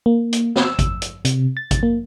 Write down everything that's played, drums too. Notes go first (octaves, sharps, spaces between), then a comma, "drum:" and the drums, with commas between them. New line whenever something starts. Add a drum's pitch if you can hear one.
A#3
drum: hi-hat
drum: snare
E6
drum: kick G#1, hi-hat
drum: hi-hat
C3, drum: hi-hat
A6
drum: kick G#1, hi-hat
A#3